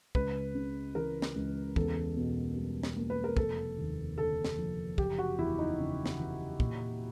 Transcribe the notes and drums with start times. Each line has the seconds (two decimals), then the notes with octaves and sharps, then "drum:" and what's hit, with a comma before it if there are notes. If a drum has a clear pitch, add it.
0.15 C#2 B4, drum: kick
0.55 C#3
0.95 E3 A#4
1.22 drum: snare
1.36 C#2
1.76 E2 A4, drum: kick
2.16 B2
2.56 G3
2.83 drum: snare
2.96 A#3
3.10 B4
3.24 A#4
3.37 F1 A4, drum: kick
3.78 D#2
4.18 D3 A4
4.44 drum: snare
4.58 F3
4.98 F#1 G4, drum: kick
5.19 F#4
5.38 E2 E4
5.59 D#4
5.79 C#3
6.06 drum: snare
6.19 E3
6.60 A#2, drum: kick